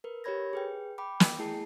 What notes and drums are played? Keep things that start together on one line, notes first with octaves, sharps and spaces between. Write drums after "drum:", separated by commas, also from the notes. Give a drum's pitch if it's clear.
A#4 B4
G4 A#4 C#5 B5 G#6 A#6
G#4 B4 G5
G5 B5 D6
G5, drum: snare
A3 E4 G#4 A5 C7